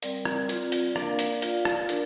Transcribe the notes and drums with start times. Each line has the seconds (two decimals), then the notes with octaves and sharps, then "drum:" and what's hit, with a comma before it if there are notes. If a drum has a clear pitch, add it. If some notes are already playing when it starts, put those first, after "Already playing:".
0.03 G3 C4 A#4 D5, drum: hi-hat
0.25 drum: rim click
0.49 C4 F4 D5, drum: hi-hat
0.72 drum: hi-hat
0.96 A#3 D4 A#4 D5 F5, drum: rim click
1.19 drum: hi-hat
1.42 F4 D5 F5, drum: hi-hat
1.65 drum: rim click
1.89 D4 A#4, drum: hi-hat